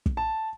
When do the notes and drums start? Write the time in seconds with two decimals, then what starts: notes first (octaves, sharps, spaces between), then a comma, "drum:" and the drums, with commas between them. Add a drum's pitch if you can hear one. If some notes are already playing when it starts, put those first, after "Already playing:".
0.06 drum: kick
0.17 A5